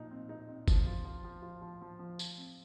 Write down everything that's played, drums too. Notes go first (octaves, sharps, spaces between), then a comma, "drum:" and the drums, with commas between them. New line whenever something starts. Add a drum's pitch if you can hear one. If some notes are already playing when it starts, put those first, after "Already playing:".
Already playing: A#2 F3 D#4
C4
D#4
C4
F3, drum: kick, tambourine
F4
F3
F3
F4
F3
F3
F3
F3, drum: tambourine
C4